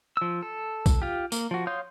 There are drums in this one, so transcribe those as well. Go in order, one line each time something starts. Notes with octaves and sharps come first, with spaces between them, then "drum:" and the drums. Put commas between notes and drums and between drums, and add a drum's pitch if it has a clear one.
F3 E6
A4
drum: kick B1, tambourine
F4 G4
A#3, drum: tambourine
F3 F#4
C#5 F5 C6 D#6 G6